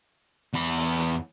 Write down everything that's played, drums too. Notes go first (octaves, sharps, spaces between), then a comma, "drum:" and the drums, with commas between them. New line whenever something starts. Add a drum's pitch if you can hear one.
E2 B5
drum: open hi-hat
drum: hi-hat